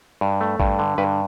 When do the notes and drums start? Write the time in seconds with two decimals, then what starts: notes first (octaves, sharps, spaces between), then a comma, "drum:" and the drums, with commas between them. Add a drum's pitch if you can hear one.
0.21 G2
0.41 A3
0.60 G2, drum: kick A1
0.79 D3
0.98 G2 B4